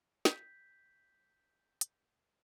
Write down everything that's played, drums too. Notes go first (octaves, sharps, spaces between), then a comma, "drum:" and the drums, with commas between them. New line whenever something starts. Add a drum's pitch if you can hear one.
G6 B6, drum: snare
drum: hi-hat